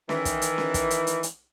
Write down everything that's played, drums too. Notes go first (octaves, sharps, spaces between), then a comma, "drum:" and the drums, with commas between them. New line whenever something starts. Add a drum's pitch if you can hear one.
D#3 E3, drum: snare C#4
drum: kick, hi-hat
drum: hi-hat
drum: snare C#4
drum: kick, hi-hat
drum: hi-hat
drum: hi-hat
drum: hi-hat